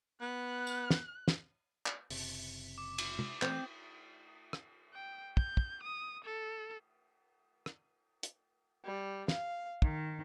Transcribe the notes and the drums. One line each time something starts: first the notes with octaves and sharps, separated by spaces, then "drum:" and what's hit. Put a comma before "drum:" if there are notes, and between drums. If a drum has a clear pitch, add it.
B3 F#6
drum: tambourine
drum: snare
drum: snare
drum: clap
F#1 C3, drum: open hi-hat
D6
drum: cymbal
drum: tom
E3 A3 C4 G6, drum: clap
drum: rim click
G5
G6, drum: kick
drum: kick
D#6
A4
drum: rim click
drum: hi-hat
G3
F5, drum: snare
D#3, drum: kick